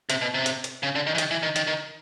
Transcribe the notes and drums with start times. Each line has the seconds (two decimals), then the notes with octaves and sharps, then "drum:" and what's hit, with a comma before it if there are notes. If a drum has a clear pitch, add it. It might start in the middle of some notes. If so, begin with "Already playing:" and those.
0.10 C3, drum: hi-hat
0.21 B2
0.34 C3
0.46 drum: hi-hat
0.64 drum: hi-hat
0.83 C#3
0.95 D3
1.07 D#3
1.15 E3
1.18 D#3, drum: hi-hat
1.31 E3
1.43 D#3
1.56 D#3, drum: hi-hat
1.67 D#3